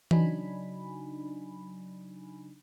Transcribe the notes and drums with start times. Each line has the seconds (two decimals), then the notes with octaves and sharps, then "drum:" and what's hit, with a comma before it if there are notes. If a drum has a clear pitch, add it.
0.11 C#3 F#3 D4 D#4 G#5 B5, drum: tom E3